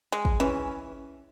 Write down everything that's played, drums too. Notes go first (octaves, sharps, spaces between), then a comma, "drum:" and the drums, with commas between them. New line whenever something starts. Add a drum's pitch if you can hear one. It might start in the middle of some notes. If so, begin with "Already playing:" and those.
G#3
drum: kick
E3 C#4